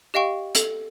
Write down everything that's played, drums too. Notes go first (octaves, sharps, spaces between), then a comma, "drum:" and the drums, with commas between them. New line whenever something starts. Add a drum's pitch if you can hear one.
G4 D#5 F5 G5 C#6
A4 F7, drum: hi-hat